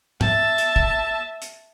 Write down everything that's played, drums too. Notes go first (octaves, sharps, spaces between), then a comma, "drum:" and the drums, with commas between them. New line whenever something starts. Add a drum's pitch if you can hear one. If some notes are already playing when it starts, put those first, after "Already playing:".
E5 A5, drum: tom G2
drum: hi-hat
drum: kick
drum: hi-hat